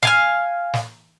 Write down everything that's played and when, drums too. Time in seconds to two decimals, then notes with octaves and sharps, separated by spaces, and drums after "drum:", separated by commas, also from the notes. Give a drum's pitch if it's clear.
0.03 F5 G#5 F6, drum: snare
0.74 drum: snare